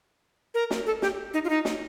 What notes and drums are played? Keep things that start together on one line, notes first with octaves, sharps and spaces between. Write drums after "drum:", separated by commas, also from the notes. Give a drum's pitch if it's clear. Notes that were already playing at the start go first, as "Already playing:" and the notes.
A#4
drum: snare
A4
G4, drum: snare
D#4
F4
D#4
drum: snare